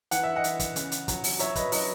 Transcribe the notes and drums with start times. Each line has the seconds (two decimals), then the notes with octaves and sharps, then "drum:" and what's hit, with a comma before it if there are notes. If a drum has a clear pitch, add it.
0.11 E3 F#5, drum: hi-hat
0.23 E5
0.36 D#5 F#5
0.44 E3, drum: hi-hat
0.60 drum: kick, hi-hat
0.76 C#3, drum: hi-hat
0.92 drum: hi-hat
1.08 F#3, drum: kick, hi-hat
1.24 drum: open hi-hat
1.39 F#3 C#5 E5, drum: hi-hat
1.55 B4 D#5, drum: kick, hi-hat
1.72 F#3 B4 D#5, drum: open hi-hat